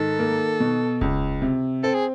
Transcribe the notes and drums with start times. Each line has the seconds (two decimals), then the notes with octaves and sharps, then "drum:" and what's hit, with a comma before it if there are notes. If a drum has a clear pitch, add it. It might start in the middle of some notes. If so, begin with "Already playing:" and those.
Already playing: G#2 D#3 A4
0.19 A#3
0.60 B2
1.01 C#2, drum: kick D#1
1.42 C3
1.83 C4 A4
1.94 G#4